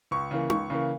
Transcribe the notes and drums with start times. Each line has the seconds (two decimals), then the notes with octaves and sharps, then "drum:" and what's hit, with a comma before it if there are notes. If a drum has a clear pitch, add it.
0.11 C#2 C#6
0.31 C#3 E3 A#3
0.50 C#2 C#6, drum: tom D#4
0.70 C#3 E3 A#3